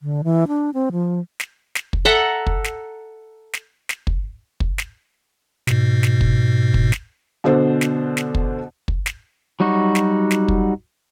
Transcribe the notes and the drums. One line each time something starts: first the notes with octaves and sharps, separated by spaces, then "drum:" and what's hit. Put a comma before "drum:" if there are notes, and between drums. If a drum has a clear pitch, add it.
D3
E3
D4
C4
F3
drum: snare
drum: snare
drum: kick
A4 E5 F#5 A#5
drum: kick
drum: snare
drum: snare
drum: snare
drum: kick
drum: kick
drum: snare
G#2 B2, drum: snare
drum: snare
drum: kick
drum: kick
drum: snare
B2 D3 D4 C5
drum: snare
drum: snare
drum: kick
drum: kick
drum: snare
F#3 G3 D#4 F#4
drum: snare
drum: snare
drum: kick